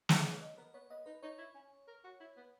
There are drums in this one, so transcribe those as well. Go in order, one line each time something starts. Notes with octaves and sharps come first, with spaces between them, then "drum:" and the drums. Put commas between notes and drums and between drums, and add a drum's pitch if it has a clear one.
E5, drum: snare
B3 C#5
D#5
B3 A#4
B3 C#5
B3 D#5
D#4 B4
D#4 C#5
E4
C#4
A#4
F#4
E4
B3